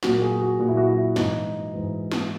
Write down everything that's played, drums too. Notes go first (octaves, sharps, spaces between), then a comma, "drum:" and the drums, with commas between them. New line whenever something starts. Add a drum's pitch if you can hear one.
A#2 F#3 F#4, drum: snare
A#4
G#4
F#4
A#2 F#3 F#4
E4
F#4
E4
G#2 E3 D#4, drum: snare
G#2 E3
drum: snare